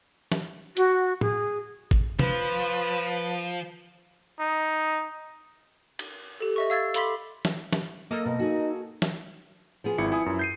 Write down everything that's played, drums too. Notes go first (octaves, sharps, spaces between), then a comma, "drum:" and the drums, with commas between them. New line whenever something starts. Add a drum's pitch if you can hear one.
drum: snare
F#4, drum: hi-hat
G#4, drum: tom
drum: kick
F3 B4, drum: tom C3
D#4
drum: cymbal
G4 A4
D#5 E5 C#6
F5 E6 G#6 A6
A4 F5 B5 C6 D6 B6, drum: hi-hat
drum: snare
drum: snare
A#3 A4 A#4 D#5
B2 D#5
D#4 F#4 G#4
drum: snare
F3 B3 G#4
G#1 E4 C#7
E4 G#5 D#6
F#2 E4
G6 C7 D#7